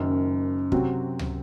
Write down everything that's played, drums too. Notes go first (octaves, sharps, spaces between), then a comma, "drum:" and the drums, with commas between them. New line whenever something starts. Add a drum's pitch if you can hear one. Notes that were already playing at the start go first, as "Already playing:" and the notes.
Already playing: F#1 F#2 D#3
C3 F#3 C4 F#4, drum: kick
drum: tom C#2